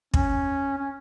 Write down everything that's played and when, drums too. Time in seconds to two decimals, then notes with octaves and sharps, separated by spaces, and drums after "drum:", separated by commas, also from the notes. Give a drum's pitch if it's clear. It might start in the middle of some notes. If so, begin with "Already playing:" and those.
0.14 C#4, drum: kick
0.78 C#4